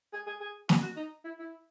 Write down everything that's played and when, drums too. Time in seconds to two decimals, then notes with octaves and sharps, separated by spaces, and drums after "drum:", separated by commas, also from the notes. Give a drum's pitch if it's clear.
0.13 G#4
0.27 G#4
0.41 G#4
0.69 F#4, drum: snare
0.83 F#4
0.97 D#4
1.25 E4
1.39 E4